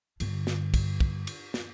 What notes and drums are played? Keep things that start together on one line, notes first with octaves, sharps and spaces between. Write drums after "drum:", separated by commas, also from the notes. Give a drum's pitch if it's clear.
G2 D3, drum: cymbal
drum: snare
drum: kick, cymbal
drum: kick
drum: cymbal
drum: snare